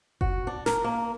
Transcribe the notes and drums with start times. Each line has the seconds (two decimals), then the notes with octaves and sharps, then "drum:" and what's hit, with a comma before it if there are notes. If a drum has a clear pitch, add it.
0.21 F#4, drum: kick F#1
0.47 D4
0.66 A#4, drum: snare
0.84 A#3